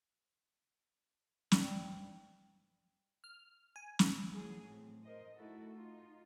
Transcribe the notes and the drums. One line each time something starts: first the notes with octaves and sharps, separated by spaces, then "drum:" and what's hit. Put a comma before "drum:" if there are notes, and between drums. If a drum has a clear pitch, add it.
G2 C4, drum: snare
F6
G#5
drum: snare
E3 F#3 A3 G#4
A2 C4
A#4 C5 D#5
A3 D#4 E4 F#4 A4
D#4 F4